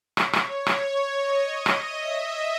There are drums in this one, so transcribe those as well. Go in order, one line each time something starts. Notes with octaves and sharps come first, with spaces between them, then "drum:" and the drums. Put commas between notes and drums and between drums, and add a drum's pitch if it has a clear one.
C#5, drum: rim click
drum: rim click
drum: rim click
D#5
drum: rim click
E5